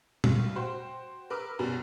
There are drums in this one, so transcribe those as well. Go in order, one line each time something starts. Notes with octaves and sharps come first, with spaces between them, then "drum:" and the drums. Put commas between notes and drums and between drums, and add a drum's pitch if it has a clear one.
B1 A2, drum: tom A#2
F#4 C5 G5
A#4 B4 D6 E6
F#2 B2 G3